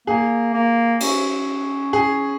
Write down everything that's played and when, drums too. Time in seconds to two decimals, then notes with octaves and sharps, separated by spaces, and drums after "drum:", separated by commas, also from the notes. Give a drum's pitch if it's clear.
0.07 A#3 G#4
0.54 A#3
1.00 C#4, drum: cymbal
1.93 G#4